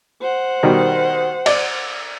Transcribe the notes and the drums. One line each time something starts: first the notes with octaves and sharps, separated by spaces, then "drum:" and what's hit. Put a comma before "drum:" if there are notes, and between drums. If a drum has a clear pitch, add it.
C5 F#5
B2 D#3 G3
D5, drum: cymbal